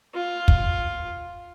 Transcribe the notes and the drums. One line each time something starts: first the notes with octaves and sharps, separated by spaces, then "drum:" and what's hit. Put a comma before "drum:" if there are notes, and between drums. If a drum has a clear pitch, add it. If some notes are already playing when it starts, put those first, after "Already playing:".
F4
drum: kick